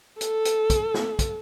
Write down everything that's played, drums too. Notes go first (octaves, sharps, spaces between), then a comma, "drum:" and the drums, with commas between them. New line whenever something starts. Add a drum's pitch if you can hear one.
A4, drum: hi-hat
drum: hi-hat
drum: kick, hi-hat
drum: snare
drum: kick, hi-hat